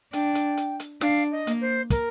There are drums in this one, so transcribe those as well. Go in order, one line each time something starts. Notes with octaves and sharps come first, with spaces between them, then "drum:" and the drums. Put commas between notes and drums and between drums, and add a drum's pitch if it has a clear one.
D4 G5, drum: hi-hat
drum: hi-hat
drum: hi-hat
drum: hi-hat
D4 F5, drum: snare
D#5
A#3, drum: hi-hat
C5
A#4, drum: kick, hi-hat